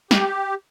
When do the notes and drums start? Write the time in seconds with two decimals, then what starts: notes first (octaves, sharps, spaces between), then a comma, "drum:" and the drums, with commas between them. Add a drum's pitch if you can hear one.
0.11 G4, drum: snare